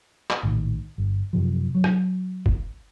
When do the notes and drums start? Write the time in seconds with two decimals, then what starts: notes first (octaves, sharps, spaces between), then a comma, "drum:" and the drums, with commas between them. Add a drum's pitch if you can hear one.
0.30 drum: clap
0.43 A#1 A2 D#3
0.98 G1
1.33 F#2 C3 F3
1.75 F#3
1.84 drum: rim click
2.46 drum: kick G1